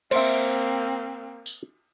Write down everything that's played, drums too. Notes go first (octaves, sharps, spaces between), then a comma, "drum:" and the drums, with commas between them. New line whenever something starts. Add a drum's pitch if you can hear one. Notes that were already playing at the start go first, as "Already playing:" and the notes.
A#3 C4 C5 E5, drum: cymbal
drum: tambourine